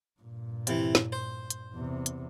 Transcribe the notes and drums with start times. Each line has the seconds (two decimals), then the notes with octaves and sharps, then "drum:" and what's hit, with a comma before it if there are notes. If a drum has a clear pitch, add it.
0.20 G2 A#2
0.67 C3 E3, drum: hi-hat
0.95 drum: snare
1.12 C5
1.50 drum: hi-hat
1.73 E2 C3
2.06 drum: hi-hat